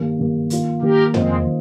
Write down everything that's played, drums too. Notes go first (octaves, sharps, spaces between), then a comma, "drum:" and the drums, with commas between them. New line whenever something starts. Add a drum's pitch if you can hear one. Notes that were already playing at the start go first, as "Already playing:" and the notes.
Already playing: G2 D#3 A#3
G2 D#3 A#3
D#3 A#3 F4, drum: hi-hat
D#3 A#3 F4 G4 A#4
D#3 G#3 A#3 C4 F4 C5 D#5, drum: tom
D#3